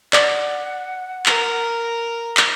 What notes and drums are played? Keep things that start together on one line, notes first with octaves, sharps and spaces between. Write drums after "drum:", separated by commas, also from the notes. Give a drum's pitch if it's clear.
D5 F#5, drum: clap
A#4, drum: clap
drum: clap